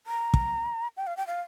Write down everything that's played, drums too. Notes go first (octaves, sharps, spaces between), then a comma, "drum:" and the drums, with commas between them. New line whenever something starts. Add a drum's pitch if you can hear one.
A#5
drum: kick
G5
F5
G5
F5